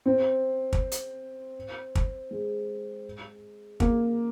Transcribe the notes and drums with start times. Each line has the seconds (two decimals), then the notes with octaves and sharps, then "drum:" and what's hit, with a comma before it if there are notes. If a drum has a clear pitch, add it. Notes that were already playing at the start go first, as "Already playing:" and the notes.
0.06 C4
0.73 drum: kick
0.92 drum: hi-hat
1.95 drum: kick
2.31 G#3
3.80 A#3, drum: kick